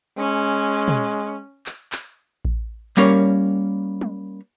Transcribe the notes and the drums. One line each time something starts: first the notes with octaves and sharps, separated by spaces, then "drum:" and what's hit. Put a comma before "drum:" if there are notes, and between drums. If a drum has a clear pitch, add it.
G#3 C#4
drum: tom
drum: clap
drum: clap
drum: kick A1
G3 A#3 C#4 A#4 C#5, drum: clap
drum: tom